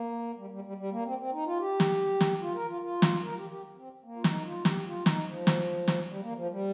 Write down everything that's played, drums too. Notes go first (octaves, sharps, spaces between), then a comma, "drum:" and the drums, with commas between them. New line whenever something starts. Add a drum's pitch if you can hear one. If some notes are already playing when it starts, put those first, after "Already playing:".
Already playing: A#3
G3
G3
G3
G3
A#3
C4
C4
D#4
F4
G4
drum: snare
drum: snare
F4
A#4
F4
F4
drum: snare
A#4
F4
G4
G4
C4
A#3
F4
D#4, drum: snare
F4
G4, drum: snare
F4
D#4, drum: snare
F3
drum: snare
drum: snare
G3
A#3
F3
G3